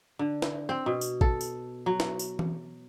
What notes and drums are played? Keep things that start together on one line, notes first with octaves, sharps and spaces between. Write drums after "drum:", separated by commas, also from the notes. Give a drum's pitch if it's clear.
D3
drum: snare
C4
B2
drum: tambourine
A4, drum: kick
drum: tambourine
F#3
drum: snare
drum: tambourine
drum: tom E3